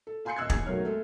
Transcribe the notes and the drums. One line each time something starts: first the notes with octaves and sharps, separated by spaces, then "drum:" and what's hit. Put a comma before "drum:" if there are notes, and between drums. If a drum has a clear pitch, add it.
A4
F5 G#5 C6 G6 C7 C#7
D#1 D#5 E6 F#6 G#6
D#2 G#4 G#6 C7, drum: kick
B1 F#3 A3 A#4 C#5 F6
G#3 A3 A4